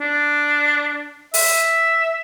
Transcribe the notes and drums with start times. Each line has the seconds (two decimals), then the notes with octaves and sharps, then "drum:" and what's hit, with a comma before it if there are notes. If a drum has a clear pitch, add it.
0.01 D4
1.34 E5, drum: open hi-hat